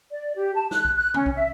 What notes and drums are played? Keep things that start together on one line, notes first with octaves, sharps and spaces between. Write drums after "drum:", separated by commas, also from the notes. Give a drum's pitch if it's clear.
D5
G4
A5
F#6, drum: snare
drum: kick B1
F#6
C#4, drum: tom C3
drum: kick B1
E5